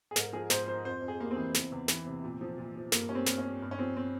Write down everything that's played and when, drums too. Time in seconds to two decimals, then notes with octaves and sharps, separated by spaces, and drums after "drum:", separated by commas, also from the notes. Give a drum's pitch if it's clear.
0.11 G#4
0.16 G#2 A#4, drum: snare
0.33 F3 G#4
0.50 G#2 C5, drum: snare
0.67 F3 C5
0.84 F2 C5
1.02 F2
1.08 G#4
1.20 G3 A#3
1.31 C4
1.36 E3
1.55 E2, drum: snare
1.72 E2
1.88 E3, drum: snare
2.06 C3
2.24 A#2
2.41 F3
2.58 A#2
2.76 F3
2.92 G2 A#3, drum: snare
3.09 G3 C#4
3.15 C4
3.26 G2, drum: snare
3.38 C#4
3.45 G3
3.62 G2
3.71 C#4
3.79 F3 C4
3.97 C4